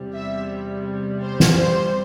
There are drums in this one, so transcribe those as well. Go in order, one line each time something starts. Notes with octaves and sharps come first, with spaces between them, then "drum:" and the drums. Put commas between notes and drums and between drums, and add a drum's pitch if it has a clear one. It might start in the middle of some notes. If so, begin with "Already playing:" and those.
Already playing: E2 C3 G3
E5
C5
drum: snare
C5